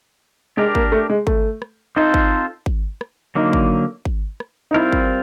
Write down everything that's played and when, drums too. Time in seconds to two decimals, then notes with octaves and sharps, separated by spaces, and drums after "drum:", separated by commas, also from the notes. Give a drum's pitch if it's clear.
0.57 G#3 D4 G4 A#4
0.75 A#3, drum: kick G#1
0.92 A3
1.10 G#3
1.27 A3, drum: kick G#1
1.62 drum: rim click
1.96 C4 D#4 F4 A4 C5
2.14 drum: kick G#1
2.66 drum: kick G#1
3.01 drum: rim click
3.35 D3 F#3 A#3 D#4
3.53 drum: kick G#1
4.05 drum: kick G#1
4.40 drum: rim click
4.71 D#4
4.74 G3 C4 E4 F4 A#4
4.92 drum: kick G#1